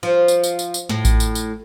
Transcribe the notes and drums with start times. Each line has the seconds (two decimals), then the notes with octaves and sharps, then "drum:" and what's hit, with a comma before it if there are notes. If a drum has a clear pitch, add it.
0.03 F3
0.28 drum: tambourine
0.44 drum: tambourine
0.59 drum: tambourine
0.74 drum: tambourine
0.89 A2, drum: snare
1.05 drum: kick A1, tambourine
1.20 drum: tambourine
1.35 drum: tambourine